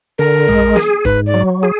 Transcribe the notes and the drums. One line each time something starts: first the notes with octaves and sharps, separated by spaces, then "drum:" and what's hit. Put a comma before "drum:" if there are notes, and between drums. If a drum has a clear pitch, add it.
D3 A#4
G#3, drum: tom A#1
G#4, drum: snare
G#2 B4, drum: kick
D5
F#3
G#4